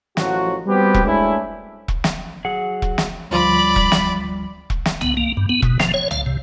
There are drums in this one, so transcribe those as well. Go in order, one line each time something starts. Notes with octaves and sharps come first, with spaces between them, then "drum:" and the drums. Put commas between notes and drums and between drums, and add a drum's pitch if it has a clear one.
A1 F3 F#3 F#4, drum: snare
G3 B3 C4 F#4 G4 B4
drum: kick E1
G#3 A3 C#4 D4 E4
drum: kick E1
drum: snare
F#3 G#4 F#5
drum: kick E1
drum: snare
D2 F3 G3 D5 B5 C6
drum: kick E1
drum: snare
drum: kick E1
drum: snare
B3, drum: tom C2
A#3
G2
B3
B2, drum: kick E1
F3, drum: snare
C#5
F5, drum: tom C2
C3